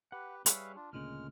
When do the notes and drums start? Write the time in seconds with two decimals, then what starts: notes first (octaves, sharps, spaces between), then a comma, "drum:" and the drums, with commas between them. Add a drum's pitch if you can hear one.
0.12 G4 B4 F#5
0.46 G3 G#4 B4 C#5 E5 F5, drum: hi-hat
0.76 D4 F4
0.93 D2 A#2 C#3 G#3 F6